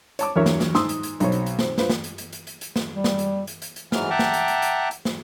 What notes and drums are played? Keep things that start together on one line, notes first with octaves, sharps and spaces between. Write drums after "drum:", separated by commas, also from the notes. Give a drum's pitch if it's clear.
C#5 A5 D6, drum: hi-hat
E2 G2 F#3 A#4 C#5 E5
drum: snare
drum: snare
G#2 C6 D#6 E6, drum: snare
drum: hi-hat
drum: hi-hat
B1 B2 C4 C#5, drum: hi-hat
drum: hi-hat
drum: hi-hat
C4, drum: snare
F4 B4 C5, drum: snare
drum: snare
drum: hi-hat
drum: hi-hat
drum: hi-hat
drum: hi-hat
drum: hi-hat
drum: snare
G3
drum: snare
drum: hi-hat
drum: hi-hat
drum: hi-hat
drum: hi-hat
G#2 E3 F#3 F6, drum: snare
E5 F#5 G5 A5 A#5 D6
drum: snare
drum: hi-hat
drum: hi-hat
drum: hi-hat
drum: hi-hat
drum: snare